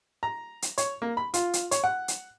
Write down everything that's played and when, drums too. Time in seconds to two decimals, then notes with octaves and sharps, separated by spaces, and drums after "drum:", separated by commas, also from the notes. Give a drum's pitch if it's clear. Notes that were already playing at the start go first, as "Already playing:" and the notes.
0.23 A#5
0.62 drum: hi-hat
0.78 C#5, drum: hi-hat
1.02 A#3
1.17 B5
1.34 F4, drum: hi-hat
1.53 drum: hi-hat
1.71 C#5, drum: hi-hat
1.84 F#5
2.08 drum: hi-hat